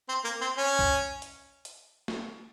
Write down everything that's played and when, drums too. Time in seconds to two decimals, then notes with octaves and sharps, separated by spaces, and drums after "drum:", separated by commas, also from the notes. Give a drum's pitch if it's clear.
0.09 C4
0.24 A#3
0.41 C4
0.57 C#4
0.79 drum: kick B1
1.22 drum: hi-hat
1.65 drum: hi-hat
2.08 drum: snare